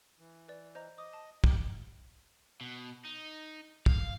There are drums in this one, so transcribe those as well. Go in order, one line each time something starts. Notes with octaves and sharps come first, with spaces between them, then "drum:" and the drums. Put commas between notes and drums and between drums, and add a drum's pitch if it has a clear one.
E3
B4 D5
C5 D#5 A#5
D#5 D6 D#6
A5
D#4 G4, drum: kick
B2
D#4
F5, drum: kick